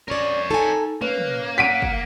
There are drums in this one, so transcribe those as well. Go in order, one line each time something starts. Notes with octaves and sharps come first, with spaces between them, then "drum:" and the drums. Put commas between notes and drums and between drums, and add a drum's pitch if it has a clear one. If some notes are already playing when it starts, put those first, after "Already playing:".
C#4 A#4 C#5 D5
D#4 A4 G#5
A#3 C#4 B4
drum: tom
F#5 B6 D7 D#7
drum: kick